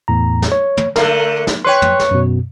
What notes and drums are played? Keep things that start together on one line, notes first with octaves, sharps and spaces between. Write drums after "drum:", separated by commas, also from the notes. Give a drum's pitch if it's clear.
E2 A2 A#5
drum: snare
C#5
drum: tom
D3 A3 A#4, drum: snare
drum: snare
B4 C#5 G5 C6
drum: tom
drum: snare
F#2 B2